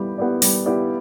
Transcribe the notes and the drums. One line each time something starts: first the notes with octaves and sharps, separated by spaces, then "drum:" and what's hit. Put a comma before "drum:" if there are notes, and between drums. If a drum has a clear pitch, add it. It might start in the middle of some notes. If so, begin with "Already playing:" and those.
Already playing: G3 B3 E4 G4
B3 E4 G4 D5
G3, drum: open hi-hat
B3 E4 G4 D5